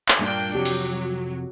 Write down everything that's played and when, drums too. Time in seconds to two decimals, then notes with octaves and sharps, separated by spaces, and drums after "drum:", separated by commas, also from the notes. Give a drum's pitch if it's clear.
0.08 drum: clap
0.19 G2 A#2 A#3 D4 G5
0.55 F2 C3 F#3 G4
0.65 drum: open hi-hat